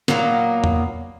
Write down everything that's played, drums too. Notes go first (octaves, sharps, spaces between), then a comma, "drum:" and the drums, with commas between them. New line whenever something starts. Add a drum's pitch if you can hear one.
A#2 F#3 A#3 B3, drum: snare
drum: tom E2